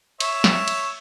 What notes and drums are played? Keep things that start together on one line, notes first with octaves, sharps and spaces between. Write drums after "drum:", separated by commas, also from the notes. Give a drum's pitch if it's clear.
C#5 E5, drum: cymbal
drum: snare
drum: cymbal